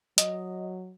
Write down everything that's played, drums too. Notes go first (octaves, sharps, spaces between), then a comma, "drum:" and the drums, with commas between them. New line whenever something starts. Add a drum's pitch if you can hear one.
F#3 D#5, drum: hi-hat